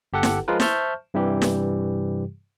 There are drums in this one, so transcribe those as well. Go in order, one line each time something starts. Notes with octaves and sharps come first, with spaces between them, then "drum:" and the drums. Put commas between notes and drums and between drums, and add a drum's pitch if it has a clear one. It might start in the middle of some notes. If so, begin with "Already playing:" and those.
G1 G4 A4 F#5
drum: snare
F3 G#3 F4 A#4 B4
C5 E5 A5 C#6 F6 G6, drum: snare
G2 C3 E3 G3 G4
drum: snare